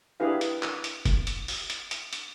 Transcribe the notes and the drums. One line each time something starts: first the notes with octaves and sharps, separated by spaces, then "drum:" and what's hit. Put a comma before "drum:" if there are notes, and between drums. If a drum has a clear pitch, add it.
D4 E4 G4 G#4 B4 F5
drum: hi-hat
drum: clap
drum: hi-hat
drum: kick, hi-hat
drum: hi-hat
drum: open hi-hat
drum: hi-hat
drum: hi-hat
drum: hi-hat